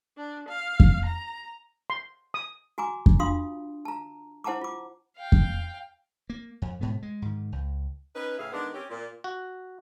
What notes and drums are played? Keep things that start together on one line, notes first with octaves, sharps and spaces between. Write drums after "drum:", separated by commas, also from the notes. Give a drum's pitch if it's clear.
D4
F5
drum: kick F2
A#5
C6
D#6
F#4 G#5 A#5 D6
drum: kick F2
D4 F4 F#4 F5 C6 D#6
A5 A#5
E4 C5 F#5 A5 A#5 D6
F4 D6
F5 G5
drum: kick F2
A#3
F2
G#2 B2 G#3 B3
G#3
G#2 D#3
C#2
C#4 D#4 B4
A2 C#3 E4 G#4 F5
D#3 G#3 B3 D4
C4 C#4 G4
A#2
F#4